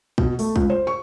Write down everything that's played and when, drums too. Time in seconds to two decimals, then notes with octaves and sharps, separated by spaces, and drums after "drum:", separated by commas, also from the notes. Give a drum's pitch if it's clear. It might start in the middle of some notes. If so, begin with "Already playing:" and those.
0.18 B2, drum: kick
0.39 A3, drum: open hi-hat
0.56 C#2, drum: kick
0.70 C5
0.87 C#6